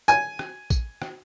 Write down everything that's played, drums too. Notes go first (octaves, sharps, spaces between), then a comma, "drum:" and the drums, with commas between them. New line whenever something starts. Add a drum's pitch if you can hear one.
G#5, drum: tambourine
drum: rim click
drum: kick, tambourine
drum: rim click